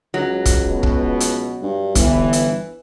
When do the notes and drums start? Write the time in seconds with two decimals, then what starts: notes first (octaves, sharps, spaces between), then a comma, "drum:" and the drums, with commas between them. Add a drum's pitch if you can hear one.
0.14 C#2 F#3
0.45 drum: kick, hi-hat
0.67 B2
0.83 drum: kick
1.20 drum: hi-hat
1.62 G2
1.95 G1 E3, drum: kick, hi-hat
2.33 drum: hi-hat